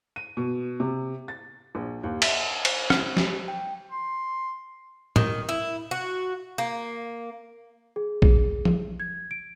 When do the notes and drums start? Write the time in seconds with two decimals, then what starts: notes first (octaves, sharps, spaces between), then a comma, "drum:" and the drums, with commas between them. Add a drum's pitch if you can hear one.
0.16 D#7
0.37 B2
0.80 C3
1.28 A6
1.75 A#1
2.03 D#2
2.22 E5, drum: cymbal
2.65 C5, drum: cymbal
2.90 drum: rim click
3.17 drum: snare
3.48 G5
3.91 C6
5.16 D#3, drum: tom
5.49 E4
5.91 F#4
6.58 A#3
7.96 G#4
8.22 G#4, drum: kick A#1
8.65 drum: tom
9.00 G#6
9.31 D7